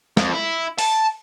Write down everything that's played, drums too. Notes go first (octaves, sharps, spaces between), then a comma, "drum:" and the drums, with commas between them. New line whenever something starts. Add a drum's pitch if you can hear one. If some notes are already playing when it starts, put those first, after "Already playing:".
F2, drum: snare
E4
A5, drum: open hi-hat